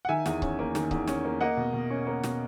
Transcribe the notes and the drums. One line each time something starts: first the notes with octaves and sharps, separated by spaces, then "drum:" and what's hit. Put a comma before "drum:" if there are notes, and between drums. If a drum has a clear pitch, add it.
F#5
D#3 E5 G#5
E2, drum: snare
C#4, drum: kick C#1
A#3
D#3, drum: snare
E2, drum: kick C#1
C#4, drum: snare
A#3
A#3 D#5 F#5
B2
B2
C#4
A#3
B2, drum: snare